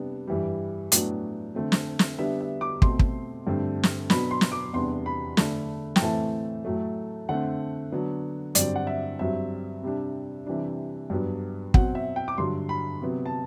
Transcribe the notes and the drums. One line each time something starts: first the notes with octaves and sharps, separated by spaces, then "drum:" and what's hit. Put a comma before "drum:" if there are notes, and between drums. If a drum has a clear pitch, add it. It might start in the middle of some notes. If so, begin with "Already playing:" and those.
Already playing: C3 G3 B3 D4
G2 E3 G3
A2 F#3 B3 D4, drum: hi-hat
D3 A3 C4
drum: snare
drum: snare
D3 G3 B3 D4 E5
E5
D6
B2 A3 C4 C6, drum: kick
drum: kick
G2 D3 A3 C4
drum: snare
B2 F#3 B3 D4 B5, drum: snare
C6
drum: snare
D6
E2 C3 G3 B3 D4 C6
B5
D3 A3 D4, drum: snare
G5, drum: snare
A2 E3 A3 C4 A5
A2 F#3 A3
D3 A3 C4 F#5
D3 F#3 B3 D4
G2 D3 F#3 C4 D5, drum: hi-hat
F#5
E5
G2 F#3 C4 E5
C3 G3 D4
C3 E3 G3 D4
G2 F#3 B3 D4
B2 F#3 C4 F#5, drum: kick
E5
G5
D6
G2 D3 F#3 C6
B5
C3 F#3 B3
A5